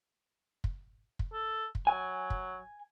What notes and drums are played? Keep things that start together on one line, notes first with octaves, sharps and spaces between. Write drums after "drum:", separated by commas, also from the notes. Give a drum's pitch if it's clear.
drum: kick
drum: kick
A4
drum: kick
F#3 G#5
drum: kick